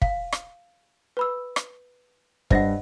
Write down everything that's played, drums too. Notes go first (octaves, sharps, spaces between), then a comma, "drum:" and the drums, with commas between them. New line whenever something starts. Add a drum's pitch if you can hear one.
F5, drum: kick
drum: rim click
B4 B5 E6
drum: rim click
G2 C5 D#5 F#5 A#6, drum: kick